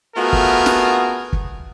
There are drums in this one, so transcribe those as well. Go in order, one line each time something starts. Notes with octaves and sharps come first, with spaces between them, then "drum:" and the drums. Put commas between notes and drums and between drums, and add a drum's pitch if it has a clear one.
A3 B3 F4 F#4 G#4 A#4
drum: kick
drum: snare
drum: kick